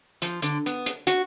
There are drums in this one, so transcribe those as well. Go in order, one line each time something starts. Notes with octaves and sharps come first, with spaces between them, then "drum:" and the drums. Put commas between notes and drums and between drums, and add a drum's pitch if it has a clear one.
F3, drum: hi-hat
D3, drum: hi-hat
B3, drum: hi-hat
drum: hi-hat
F#4, drum: hi-hat